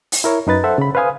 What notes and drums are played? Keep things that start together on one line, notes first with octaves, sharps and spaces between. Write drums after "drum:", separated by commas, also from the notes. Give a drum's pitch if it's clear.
drum: open hi-hat
E4 A#4 C#5
F#2 D#4 B4 A6
A4 C5 E5 F#5
C#3 B5
B4 C5 F5 G#5 D#6